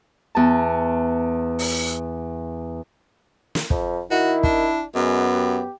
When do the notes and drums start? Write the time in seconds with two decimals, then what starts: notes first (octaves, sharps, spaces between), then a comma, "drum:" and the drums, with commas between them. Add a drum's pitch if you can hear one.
0.35 E2 A5
1.59 drum: open hi-hat
3.55 drum: snare
3.70 F2, drum: kick
4.11 D#3 E4 F#4
4.43 D4, drum: kick
4.95 F#2 G#3 B3
5.35 G4